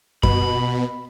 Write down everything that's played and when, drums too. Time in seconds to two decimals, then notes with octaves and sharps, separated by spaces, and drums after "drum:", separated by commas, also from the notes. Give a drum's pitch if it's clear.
0.23 B2 B5, drum: kick F#2